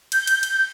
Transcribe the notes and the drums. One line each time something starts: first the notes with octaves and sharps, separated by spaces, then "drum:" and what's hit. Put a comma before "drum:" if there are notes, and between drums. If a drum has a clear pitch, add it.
G6, drum: cymbal
drum: cymbal
drum: cymbal